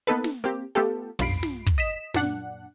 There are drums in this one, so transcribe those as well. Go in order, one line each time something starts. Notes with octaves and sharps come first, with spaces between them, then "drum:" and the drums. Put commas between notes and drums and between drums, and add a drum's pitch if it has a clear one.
A#3 B3 D#4 A4 B4
drum: snare
A#3 C4 G4
A3 B3 F4 G4 A4
B1 G2 F4 B5 C7 D7, drum: tom
drum: snare
drum: kick
D#5 B6 E7
F#2 A#2 D4 F#5, drum: snare